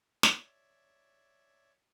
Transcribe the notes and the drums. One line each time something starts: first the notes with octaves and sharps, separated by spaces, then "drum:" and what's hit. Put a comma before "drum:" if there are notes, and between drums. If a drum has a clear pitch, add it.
C#5 D5 E5, drum: snare